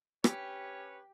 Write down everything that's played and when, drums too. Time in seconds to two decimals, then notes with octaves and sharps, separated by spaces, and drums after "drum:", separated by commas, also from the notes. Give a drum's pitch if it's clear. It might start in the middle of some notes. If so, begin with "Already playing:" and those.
0.24 C#4 G4 B4 C#5, drum: rim click